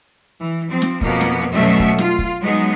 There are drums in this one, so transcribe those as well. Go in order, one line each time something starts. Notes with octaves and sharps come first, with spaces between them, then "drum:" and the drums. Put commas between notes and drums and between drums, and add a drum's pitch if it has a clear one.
E3
F3 C4
drum: snare
F2 B2 A#3 B3, drum: kick
drum: snare
B2 F#3 A3 C#4 E5
drum: kick
F4, drum: snare
drum: kick
F#3 G#3 B3 D#4 G#4